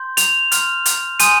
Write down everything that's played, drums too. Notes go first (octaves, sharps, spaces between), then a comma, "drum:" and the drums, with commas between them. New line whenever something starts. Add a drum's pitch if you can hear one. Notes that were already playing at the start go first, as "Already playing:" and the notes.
Already playing: C6 G6
F7, drum: hi-hat
C6 F6, drum: hi-hat
drum: hi-hat
G#5 C6 D#6 G6 D#7, drum: hi-hat